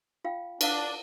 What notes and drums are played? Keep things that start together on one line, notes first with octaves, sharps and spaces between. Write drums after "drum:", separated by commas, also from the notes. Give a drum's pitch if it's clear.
F4 F5 G5
D4 B4 F5 F#5, drum: cymbal